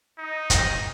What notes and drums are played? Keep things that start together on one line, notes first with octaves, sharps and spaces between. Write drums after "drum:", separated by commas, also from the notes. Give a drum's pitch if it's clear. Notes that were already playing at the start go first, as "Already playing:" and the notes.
D#4
drum: kick, hi-hat